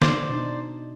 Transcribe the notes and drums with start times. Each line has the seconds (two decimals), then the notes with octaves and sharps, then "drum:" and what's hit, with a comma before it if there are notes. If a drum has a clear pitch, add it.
0.02 C5 D5, drum: snare
0.29 B2 D4 D#4